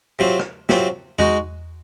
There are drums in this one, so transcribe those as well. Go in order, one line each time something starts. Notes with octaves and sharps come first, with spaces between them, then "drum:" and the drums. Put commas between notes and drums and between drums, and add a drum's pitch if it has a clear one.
C3 F#3 C4 F4
drum: rim click
C3 F#3 C4 F4, drum: snare
G#3 D#4 F#4, drum: tom E2